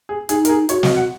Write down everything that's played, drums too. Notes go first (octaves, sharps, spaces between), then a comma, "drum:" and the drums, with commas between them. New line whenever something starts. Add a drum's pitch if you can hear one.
G#4
D#4 G#4, drum: hi-hat
A#4, drum: hi-hat
G#4
F#4 C#5, drum: hi-hat
D#5, drum: snare
F#5